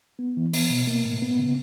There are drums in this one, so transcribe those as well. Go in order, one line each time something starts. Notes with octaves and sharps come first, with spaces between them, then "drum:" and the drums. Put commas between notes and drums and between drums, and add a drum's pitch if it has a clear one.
B3
E3
B3, drum: open hi-hat
B2
A#3
A2
B3
C#3